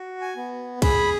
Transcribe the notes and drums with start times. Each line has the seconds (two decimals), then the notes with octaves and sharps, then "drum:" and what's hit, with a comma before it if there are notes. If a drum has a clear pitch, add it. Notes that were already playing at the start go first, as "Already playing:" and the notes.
Already playing: F#4
0.21 G#5
0.36 B3
0.82 G#4 B5, drum: kick B1, cymbal